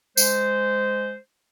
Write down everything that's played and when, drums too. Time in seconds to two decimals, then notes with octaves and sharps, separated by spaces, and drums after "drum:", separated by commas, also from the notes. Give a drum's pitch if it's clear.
0.17 G#3 C5, drum: tambourine